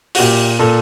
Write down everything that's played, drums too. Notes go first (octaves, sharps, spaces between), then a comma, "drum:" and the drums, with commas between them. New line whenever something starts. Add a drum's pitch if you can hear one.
F#4, drum: open hi-hat
A#2 G4
A#2 A4